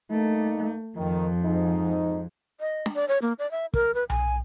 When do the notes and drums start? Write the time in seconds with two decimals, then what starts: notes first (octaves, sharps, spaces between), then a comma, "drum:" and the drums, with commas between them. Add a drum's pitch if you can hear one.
0.11 G2 A3 A#3 D#4
0.97 F2 D#3
1.43 G#2 D#4
2.61 D#5
2.86 drum: snare D4
2.95 D5
3.08 C#5
3.22 A#3
3.39 D5
3.51 E5
3.74 A#4, drum: kick
3.95 B4
4.10 G#5, drum: tom B1